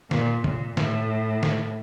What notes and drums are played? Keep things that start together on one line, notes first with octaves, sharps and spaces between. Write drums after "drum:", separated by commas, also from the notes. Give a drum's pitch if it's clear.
A#2, drum: snare
A#2, drum: tom C3
A2, drum: snare
drum: snare